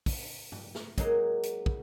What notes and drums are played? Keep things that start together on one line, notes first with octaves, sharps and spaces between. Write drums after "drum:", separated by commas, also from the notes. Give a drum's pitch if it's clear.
drum: kick, open hi-hat
drum: tom
drum: snare
F#3 G#3 A#3 D#4, drum: kick, hi-hat
drum: hi-hat
drum: kick